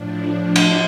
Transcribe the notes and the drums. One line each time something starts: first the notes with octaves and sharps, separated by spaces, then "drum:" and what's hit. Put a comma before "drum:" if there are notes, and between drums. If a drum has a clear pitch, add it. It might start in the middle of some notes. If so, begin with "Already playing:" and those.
Already playing: A2 F3 D4
drum: cymbal